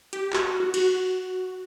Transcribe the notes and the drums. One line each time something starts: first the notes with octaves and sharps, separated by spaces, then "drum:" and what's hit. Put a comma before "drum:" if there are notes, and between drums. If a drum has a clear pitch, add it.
G4, drum: hi-hat
F#4, drum: clap
F#4
F#4, drum: cymbal